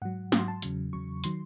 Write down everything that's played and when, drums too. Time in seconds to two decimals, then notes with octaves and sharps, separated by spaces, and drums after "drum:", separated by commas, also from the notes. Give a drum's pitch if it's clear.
0.02 G#2 F#3 F#5
0.32 G#2 F#3, drum: snare
0.39 C6
0.48 A5
0.62 E2 C#3 F#3, drum: hi-hat
0.93 E2 C#3 F#3 C#6
1.24 D#3 F#3 C6, drum: hi-hat